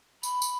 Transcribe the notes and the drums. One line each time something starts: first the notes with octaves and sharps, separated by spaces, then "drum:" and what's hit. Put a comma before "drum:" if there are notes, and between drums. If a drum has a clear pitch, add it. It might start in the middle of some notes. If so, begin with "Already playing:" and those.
B5, drum: tambourine
drum: tambourine